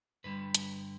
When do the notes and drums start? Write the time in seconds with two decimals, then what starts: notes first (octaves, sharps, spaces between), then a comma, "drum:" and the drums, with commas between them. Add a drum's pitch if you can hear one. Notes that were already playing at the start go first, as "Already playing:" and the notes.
0.24 G2 D3 G3 B4
0.55 drum: hi-hat